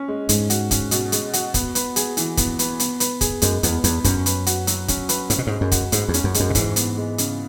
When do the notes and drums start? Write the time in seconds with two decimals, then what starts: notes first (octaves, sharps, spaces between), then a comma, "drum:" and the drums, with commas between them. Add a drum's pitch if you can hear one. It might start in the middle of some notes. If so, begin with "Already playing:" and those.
Already playing: C#4
0.08 G#3
0.29 G#2 G#3, drum: hi-hat
0.50 F#4, drum: hi-hat
0.71 C#4, drum: kick, hi-hat
0.91 B2, drum: hi-hat
1.12 G#3, drum: hi-hat
1.33 F#4, drum: hi-hat
1.54 B3, drum: kick, hi-hat
1.75 B4, drum: hi-hat
1.96 G#4, drum: hi-hat
2.17 E3, drum: hi-hat
2.37 B3, drum: kick, hi-hat
2.59 B4, drum: hi-hat
2.80 B3, drum: hi-hat
3.00 B4, drum: hi-hat
3.21 G#4, drum: kick, hi-hat
3.42 F#2 G#3, drum: hi-hat
3.63 E2 B3, drum: hi-hat
3.84 E2 B4, drum: hi-hat
4.04 F#2 C#4, drum: kick, hi-hat
4.26 B4, drum: hi-hat
4.46 F#4, drum: hi-hat
4.67 F#3, drum: hi-hat
4.88 C#4, drum: kick, hi-hat
5.09 B4, drum: hi-hat
5.30 G#2 C#4, drum: hi-hat
5.38 B2
5.47 G#2 G#3
5.61 F#2
5.72 F#4, drum: kick, hi-hat
5.92 G#2 G#3, drum: hi-hat
6.08 E2
6.14 C#4, drum: hi-hat
6.24 F#2
6.34 G#3, drum: hi-hat
6.40 F#2
6.50 B2
6.55 G#2 E3, drum: kick, hi-hat
6.76 B3, drum: hi-hat
6.97 G#3
7.18 C#3, drum: hi-hat